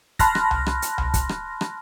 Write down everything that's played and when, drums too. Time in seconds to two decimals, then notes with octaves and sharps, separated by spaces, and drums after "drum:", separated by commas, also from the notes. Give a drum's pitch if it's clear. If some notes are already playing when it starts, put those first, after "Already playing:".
0.19 A5 B5 C6 F6 F#6 A#6, drum: kick, hi-hat
0.35 drum: rim click
0.51 drum: tom C2
0.66 drum: rim click
0.82 drum: hi-hat
0.98 drum: tom C2
1.14 drum: kick, hi-hat
1.29 drum: rim click
1.61 drum: rim click